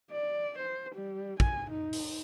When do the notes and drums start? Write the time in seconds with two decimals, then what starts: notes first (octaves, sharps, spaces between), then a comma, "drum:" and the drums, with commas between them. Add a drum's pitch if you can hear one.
0.12 D5
0.59 C5
0.95 G3
1.40 G#5, drum: kick
1.71 D#4
1.93 drum: open hi-hat